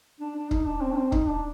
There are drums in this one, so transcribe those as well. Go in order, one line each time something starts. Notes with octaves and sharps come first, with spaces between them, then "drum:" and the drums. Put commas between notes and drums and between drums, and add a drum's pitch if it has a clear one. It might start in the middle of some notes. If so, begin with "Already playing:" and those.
D4
D4
D#4, drum: kick
D4
C4
D4
C4
D#4, drum: kick
D4